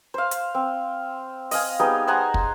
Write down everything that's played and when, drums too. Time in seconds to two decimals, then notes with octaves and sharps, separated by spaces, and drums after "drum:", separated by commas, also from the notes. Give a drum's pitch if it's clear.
0.14 C5 F5
0.31 drum: hi-hat
0.54 C4
1.51 D#5 F5 G#5, drum: open hi-hat
1.80 G3 B3 D#4 G#4
2.08 C5 F#5 G#5 A#5
2.34 drum: kick